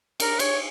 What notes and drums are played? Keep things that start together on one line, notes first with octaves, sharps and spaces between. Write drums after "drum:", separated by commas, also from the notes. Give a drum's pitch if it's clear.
A#4, drum: cymbal
C#5, drum: cymbal